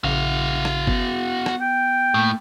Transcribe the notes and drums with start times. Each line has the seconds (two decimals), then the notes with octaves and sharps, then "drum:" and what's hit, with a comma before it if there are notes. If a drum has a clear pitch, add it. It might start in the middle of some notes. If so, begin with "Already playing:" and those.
0.04 A#1 C#3 F#4 F5
0.65 drum: rim click
0.87 B3, drum: kick
1.46 drum: rim click
1.61 G5
2.14 A2 A3 A#3